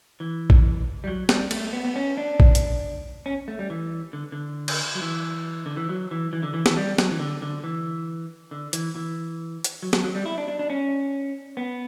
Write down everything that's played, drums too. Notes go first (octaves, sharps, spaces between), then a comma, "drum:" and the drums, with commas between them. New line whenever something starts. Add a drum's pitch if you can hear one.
E3
drum: kick A#1
G3
F#3
G3, drum: snare
A3, drum: cymbal
B3
B3
C#4
D4
drum: kick A#1
drum: hi-hat
C#4
A3
G3
E3
D3
D3
drum: cymbal
F#3
E3
D3
E3
F#3
E3
E3
D3
E3
E3, drum: snare
G3
F#3, drum: snare
E3
D3
D3
E3
D3
E3, drum: hi-hat
E3
drum: hi-hat
F#3
F#3, drum: snare
F#3
G3
E4
D4
D4
D4
C#4
B3